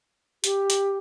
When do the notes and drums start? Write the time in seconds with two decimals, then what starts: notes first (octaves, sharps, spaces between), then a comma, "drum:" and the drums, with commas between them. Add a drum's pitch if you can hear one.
0.44 G4, drum: hi-hat
0.70 drum: hi-hat